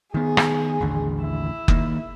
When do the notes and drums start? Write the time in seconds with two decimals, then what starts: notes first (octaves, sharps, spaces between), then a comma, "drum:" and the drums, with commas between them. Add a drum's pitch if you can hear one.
0.14 D#3 B3 G#4
0.37 drum: rim click
0.81 A1 D#2 D3
1.22 E4
1.68 D#3 A#3, drum: kick F#1